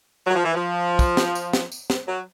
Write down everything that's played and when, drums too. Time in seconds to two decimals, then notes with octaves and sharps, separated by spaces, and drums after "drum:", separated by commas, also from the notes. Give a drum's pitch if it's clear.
0.27 F#3
0.35 F3
0.45 E3
0.55 F3
0.99 drum: kick, tambourine
1.17 drum: snare
1.35 drum: tambourine
1.53 drum: snare
1.72 drum: tambourine
1.90 drum: snare
2.07 F#3